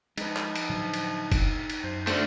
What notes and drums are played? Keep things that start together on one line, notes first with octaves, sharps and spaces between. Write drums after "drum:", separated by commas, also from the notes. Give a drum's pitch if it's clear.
F3 G#3 D#4 B4, drum: cymbal
drum: clap
drum: cymbal
A2 D3 F#3
drum: cymbal
drum: kick F1, cymbal
drum: cymbal
F#2 C5
D3 A3 C5, drum: cymbal